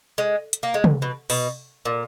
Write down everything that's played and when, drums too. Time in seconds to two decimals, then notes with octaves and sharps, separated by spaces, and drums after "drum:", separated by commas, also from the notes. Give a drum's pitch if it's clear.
0.18 G#3
0.53 drum: hi-hat
0.63 A#3
0.74 G#3
0.84 drum: tom
1.02 B2
1.30 B2, drum: open hi-hat
1.85 A#2